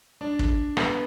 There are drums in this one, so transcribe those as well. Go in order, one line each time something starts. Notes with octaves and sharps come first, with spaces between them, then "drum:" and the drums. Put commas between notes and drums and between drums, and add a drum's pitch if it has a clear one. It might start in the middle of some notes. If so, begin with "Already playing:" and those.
D4
drum: kick
B3, drum: rim click